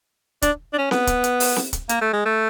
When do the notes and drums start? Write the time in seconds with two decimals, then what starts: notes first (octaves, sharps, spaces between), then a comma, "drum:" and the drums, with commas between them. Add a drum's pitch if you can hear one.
0.42 D4, drum: kick, hi-hat
0.73 D4
0.78 C#4
0.91 B3, drum: snare C4
1.07 drum: kick, hi-hat
1.24 drum: hi-hat
1.40 drum: open hi-hat
1.56 drum: snare C4
1.73 drum: kick, hi-hat
1.89 A#3, drum: hi-hat
2.01 A3
2.13 G#3
2.26 A3